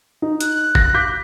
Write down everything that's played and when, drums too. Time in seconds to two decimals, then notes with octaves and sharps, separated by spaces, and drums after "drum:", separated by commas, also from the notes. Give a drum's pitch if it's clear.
0.22 D#4
0.40 F#6, drum: hi-hat
0.75 A#6, drum: kick
0.94 D6 G6 B6